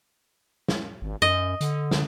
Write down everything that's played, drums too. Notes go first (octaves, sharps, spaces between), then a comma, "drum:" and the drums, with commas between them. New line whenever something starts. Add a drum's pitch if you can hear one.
drum: snare
G#1
F#2 D#5
D3, drum: hi-hat
drum: snare